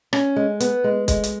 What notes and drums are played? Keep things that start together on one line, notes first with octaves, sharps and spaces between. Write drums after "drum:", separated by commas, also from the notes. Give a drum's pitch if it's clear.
C#4, drum: rim click
G#3
B3, drum: hi-hat
G#3
G#3, drum: kick, hi-hat
drum: hi-hat